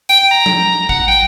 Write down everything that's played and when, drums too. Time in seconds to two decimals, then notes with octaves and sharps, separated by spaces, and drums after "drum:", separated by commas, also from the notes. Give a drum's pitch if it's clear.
0.09 G5, drum: hi-hat
0.31 A#5
0.46 drum: tom F3
0.89 F#5, drum: kick G#1
1.08 G5